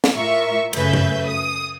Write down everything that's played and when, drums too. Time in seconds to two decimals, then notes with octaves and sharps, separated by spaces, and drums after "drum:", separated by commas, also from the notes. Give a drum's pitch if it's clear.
0.04 drum: snare
0.16 A2 F4 A#4 E5 C#6
0.73 F#2 C#3 A3 B4 E5 G6, drum: cymbal
0.93 drum: tom G2
1.26 D#6